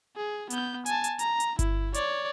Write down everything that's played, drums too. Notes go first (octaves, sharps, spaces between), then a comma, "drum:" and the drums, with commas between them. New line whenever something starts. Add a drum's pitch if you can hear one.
G#4
B3 G6, drum: hi-hat
G#5 A5, drum: hi-hat
drum: hi-hat
A#5, drum: hi-hat
drum: hi-hat
E4, drum: kick G1, hi-hat
C#5 D5, drum: hi-hat